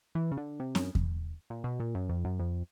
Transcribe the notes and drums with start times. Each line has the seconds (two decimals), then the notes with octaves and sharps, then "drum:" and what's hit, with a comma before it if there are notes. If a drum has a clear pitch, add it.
0.15 E3
0.32 C#3
0.37 D3
0.60 C3
0.75 F#2, drum: snare
0.95 drum: kick E2
1.50 A#2
1.64 B2
1.80 A#2
1.95 F#2
2.09 F2
2.25 F#2
2.40 F2